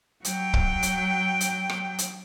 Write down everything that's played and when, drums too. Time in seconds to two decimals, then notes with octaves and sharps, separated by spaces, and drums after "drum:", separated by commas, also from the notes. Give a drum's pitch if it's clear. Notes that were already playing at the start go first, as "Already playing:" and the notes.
0.25 F#3 G5, drum: hi-hat
0.54 drum: kick
0.83 drum: hi-hat
1.41 drum: hi-hat
1.69 drum: rim click
1.98 drum: hi-hat